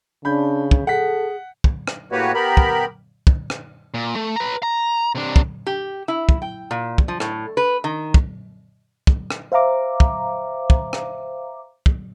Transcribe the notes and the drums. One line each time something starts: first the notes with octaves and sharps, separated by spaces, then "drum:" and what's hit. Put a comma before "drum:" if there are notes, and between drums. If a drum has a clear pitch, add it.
C#3 D4 B5 G6
drum: kick
G#4 A4 F#5 B6
drum: kick
drum: rim click
A2 A#3 F#4 G4 B4 C#5
B3 G4 A#4 B5
drum: kick
drum: kick
drum: rim click
A#2
A3
B4 A#5
A#5
C3 D4
drum: kick
G4
E4
drum: kick
G5
A#2
drum: kick
F3
A2, drum: rim click
B4
D#3
drum: kick
drum: kick
drum: rim click
C5 E5 F5 A#5 D6
drum: kick
drum: kick
drum: rim click
drum: kick